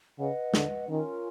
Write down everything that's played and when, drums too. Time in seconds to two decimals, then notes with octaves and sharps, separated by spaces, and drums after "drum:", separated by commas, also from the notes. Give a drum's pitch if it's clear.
0.18 C#3 B4 D#5 F#5
0.54 D3, drum: snare
0.88 D#3 C#4 F4 A#4